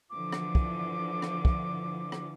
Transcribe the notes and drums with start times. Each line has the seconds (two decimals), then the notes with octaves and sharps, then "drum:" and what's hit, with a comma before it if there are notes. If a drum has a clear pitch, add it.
0.10 D3 E3 F3 D6
0.32 drum: rim click
0.55 drum: kick
1.22 drum: rim click
1.45 drum: kick
2.12 drum: rim click